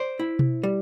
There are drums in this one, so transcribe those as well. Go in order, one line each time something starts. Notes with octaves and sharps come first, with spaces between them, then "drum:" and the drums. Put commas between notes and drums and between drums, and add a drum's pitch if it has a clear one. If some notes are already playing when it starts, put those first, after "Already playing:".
Already playing: C5 D5
E4
drum: tom B2
G3